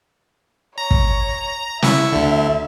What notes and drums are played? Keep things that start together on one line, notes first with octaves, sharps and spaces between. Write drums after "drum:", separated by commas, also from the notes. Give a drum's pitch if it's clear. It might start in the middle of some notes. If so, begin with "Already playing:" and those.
C#5 A#5
drum: kick
E4 E5 C#6, drum: snare
D2 D3